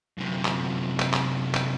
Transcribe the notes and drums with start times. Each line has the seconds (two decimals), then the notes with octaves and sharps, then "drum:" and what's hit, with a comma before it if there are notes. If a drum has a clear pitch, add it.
0.18 F#2 C3
0.45 drum: clap
1.00 drum: clap
1.13 drum: clap
1.54 drum: clap